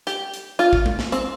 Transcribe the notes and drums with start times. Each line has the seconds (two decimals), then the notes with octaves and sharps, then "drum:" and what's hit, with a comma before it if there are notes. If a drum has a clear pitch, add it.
0.07 G4, drum: hi-hat
0.34 drum: hi-hat
0.59 F4, drum: hi-hat
0.73 drum: kick A1
0.86 drum: tom G#3
0.99 drum: snare
1.12 C4, drum: hi-hat